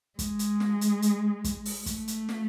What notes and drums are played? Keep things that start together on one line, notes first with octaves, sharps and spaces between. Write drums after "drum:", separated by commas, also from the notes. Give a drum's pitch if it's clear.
G#3, drum: kick, hi-hat
drum: hi-hat
drum: snare
drum: hi-hat
drum: hi-hat
drum: kick, hi-hat
drum: open hi-hat
A3, drum: kick, hi-hat
drum: hi-hat
drum: snare